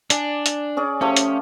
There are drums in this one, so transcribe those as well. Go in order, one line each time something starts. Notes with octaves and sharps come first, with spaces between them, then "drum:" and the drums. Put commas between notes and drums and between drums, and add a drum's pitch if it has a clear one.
D4 D5 G#5, drum: hi-hat
drum: hi-hat
C#4 G#4 D5
F3 A3 C#4 G4
drum: hi-hat